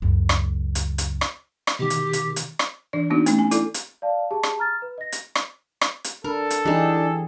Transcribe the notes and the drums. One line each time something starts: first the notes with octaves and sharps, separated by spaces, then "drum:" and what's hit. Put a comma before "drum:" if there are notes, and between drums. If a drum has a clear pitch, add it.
C#2 F#2
drum: rim click
drum: hi-hat
drum: hi-hat
drum: rim click
drum: rim click
B2 D#3 G4
drum: hi-hat
drum: hi-hat
drum: hi-hat
drum: rim click
E3 D4 D5
A#3 B3 D4 D#4 F#4
A3 C#4, drum: hi-hat
G#5
E4 A4 D5, drum: hi-hat
drum: hi-hat
D5 F5 A5
G4 G#4 A5
drum: rim click
A#5 F6 A6
B4
D#5 A#6
drum: hi-hat
drum: rim click
drum: rim click
drum: hi-hat
D4 A4 A#4
drum: hi-hat
E3 D4 D#4 G4 G#4